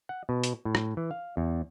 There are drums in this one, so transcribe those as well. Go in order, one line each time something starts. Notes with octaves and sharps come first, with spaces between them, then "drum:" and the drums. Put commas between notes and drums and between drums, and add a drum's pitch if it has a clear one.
F#5
B2
drum: hi-hat
A2
drum: rim click
E3
F5
E2